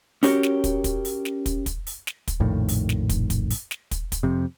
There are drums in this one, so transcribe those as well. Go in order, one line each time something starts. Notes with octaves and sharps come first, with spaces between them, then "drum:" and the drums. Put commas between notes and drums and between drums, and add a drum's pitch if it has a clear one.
C#4 F#4 G4 A#4 C#5, drum: open hi-hat
drum: snare
drum: kick, hi-hat
drum: kick, hi-hat
drum: open hi-hat
drum: snare
drum: kick, hi-hat
drum: kick, hi-hat
drum: open hi-hat
drum: snare
drum: kick, hi-hat
A#1 F2 A2 D#3
drum: open hi-hat
drum: snare
drum: kick, hi-hat
drum: kick, hi-hat
drum: open hi-hat
drum: snare
drum: kick, hi-hat
drum: kick, hi-hat
F2 C3